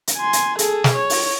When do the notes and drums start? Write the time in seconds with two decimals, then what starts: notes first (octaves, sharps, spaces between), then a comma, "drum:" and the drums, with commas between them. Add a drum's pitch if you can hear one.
0.07 drum: hi-hat
0.17 G#5 C6
0.33 drum: hi-hat
0.59 G#4 A4, drum: hi-hat
0.84 drum: snare
0.94 C#5
1.10 drum: open hi-hat